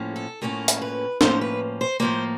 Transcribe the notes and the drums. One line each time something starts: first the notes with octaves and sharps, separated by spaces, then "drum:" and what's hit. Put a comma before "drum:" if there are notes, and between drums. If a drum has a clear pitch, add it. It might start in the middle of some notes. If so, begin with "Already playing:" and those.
Already playing: A2 F3 A#3 C#4
A4
A2 F3 A#3 C#4 A#4
drum: hi-hat
B4
A2 F3 A#3 C#4 C5, drum: snare
B4
C5
A2 F3 A#3 C5